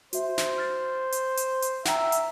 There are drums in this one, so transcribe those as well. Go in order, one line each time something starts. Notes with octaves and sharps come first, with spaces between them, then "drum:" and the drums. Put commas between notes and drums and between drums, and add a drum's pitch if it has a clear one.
F#4 C5 E5, drum: hi-hat
drum: snare
F6 A6
drum: hi-hat
drum: hi-hat
drum: hi-hat
E5 F#5 G5 A#5, drum: snare
drum: hi-hat